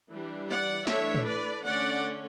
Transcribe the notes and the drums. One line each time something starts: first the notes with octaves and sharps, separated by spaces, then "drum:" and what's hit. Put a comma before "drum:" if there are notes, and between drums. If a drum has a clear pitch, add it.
E3 G3 D4
D5 F#5
E3 A3 D4 C#5 E5, drum: snare
drum: tom
B4 D5
D3 A3 C#4 D5 F#5